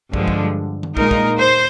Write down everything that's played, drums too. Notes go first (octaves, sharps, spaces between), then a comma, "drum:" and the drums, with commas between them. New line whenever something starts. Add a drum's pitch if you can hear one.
G2 D3 F3 G#3, drum: kick
drum: kick
drum: tom D#3
A#2 G#3 D#4 A#4, drum: kick
drum: kick
C5